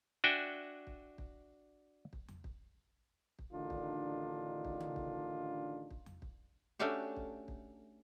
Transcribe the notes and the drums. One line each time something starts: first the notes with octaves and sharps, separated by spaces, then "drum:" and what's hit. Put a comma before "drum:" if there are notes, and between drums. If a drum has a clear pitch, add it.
D4 F#4 E5 G5 G#5
drum: kick
drum: kick
drum: kick
drum: tom E2
drum: kick
drum: kick
A1 D3 D#3 D4 D#4 F4
drum: kick
drum: kick
drum: tom C#3
drum: kick
drum: kick
drum: tom E2
drum: kick
A3 C#4 D4 F#4 G4
drum: kick
drum: kick